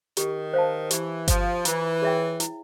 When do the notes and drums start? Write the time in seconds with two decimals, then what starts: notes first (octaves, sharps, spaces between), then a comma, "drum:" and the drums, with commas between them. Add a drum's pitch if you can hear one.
0.17 D#3 G4, drum: hi-hat
0.54 C5 F5 A5
0.91 E3 G4, drum: hi-hat
1.28 F3 C5 F5, drum: kick G1, hi-hat
1.65 E3 F4, drum: hi-hat
2.02 G#4 C#5 E5 G5
2.40 E4, drum: hi-hat